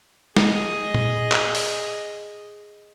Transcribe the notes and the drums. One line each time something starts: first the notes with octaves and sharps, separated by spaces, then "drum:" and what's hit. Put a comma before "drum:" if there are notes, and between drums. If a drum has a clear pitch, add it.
G#4 D#5, drum: snare
drum: tom A#2
drum: clap
drum: open hi-hat